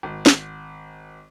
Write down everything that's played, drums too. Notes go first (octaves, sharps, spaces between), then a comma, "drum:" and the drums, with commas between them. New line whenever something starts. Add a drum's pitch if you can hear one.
G#1
drum: snare